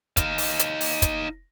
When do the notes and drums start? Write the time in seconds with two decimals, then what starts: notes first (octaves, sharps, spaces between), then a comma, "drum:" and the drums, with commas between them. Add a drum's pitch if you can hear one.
0.17 D#4 F5, drum: kick, hi-hat
0.38 drum: open hi-hat
0.59 drum: hi-hat
0.81 drum: open hi-hat
1.02 drum: kick, hi-hat